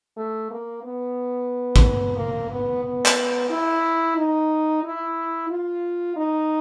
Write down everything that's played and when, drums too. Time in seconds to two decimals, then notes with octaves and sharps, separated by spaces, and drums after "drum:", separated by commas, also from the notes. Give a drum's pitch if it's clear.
0.17 A3
0.50 A#3
0.83 B3
1.76 drum: kick
2.16 A#3
2.51 B3
2.83 B3
3.06 drum: clap
3.50 E4
4.17 D#4
4.83 E4
5.50 F4
6.16 D#4